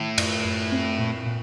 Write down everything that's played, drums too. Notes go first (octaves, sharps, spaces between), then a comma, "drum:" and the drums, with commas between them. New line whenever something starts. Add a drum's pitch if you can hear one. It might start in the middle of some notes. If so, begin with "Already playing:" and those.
Already playing: A2 D#3
F#2, drum: cymbal
F#2
C4
A#2
A#2